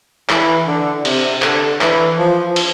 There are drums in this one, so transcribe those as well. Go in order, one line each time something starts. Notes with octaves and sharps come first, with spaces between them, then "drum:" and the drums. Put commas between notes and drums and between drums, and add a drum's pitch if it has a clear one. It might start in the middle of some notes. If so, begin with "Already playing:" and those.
E3, drum: clap
D3
C3, drum: cymbal
D3, drum: clap
E3, drum: clap
F3
drum: cymbal